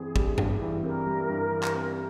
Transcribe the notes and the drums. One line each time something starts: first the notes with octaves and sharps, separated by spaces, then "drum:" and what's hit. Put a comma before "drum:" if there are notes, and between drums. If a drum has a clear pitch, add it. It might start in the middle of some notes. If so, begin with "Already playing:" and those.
Already playing: G2 E3 C4 G#4
G3, drum: kick
G2, drum: tom G2
E3
C4 A#4
G3
G2
E3
drum: clap
C4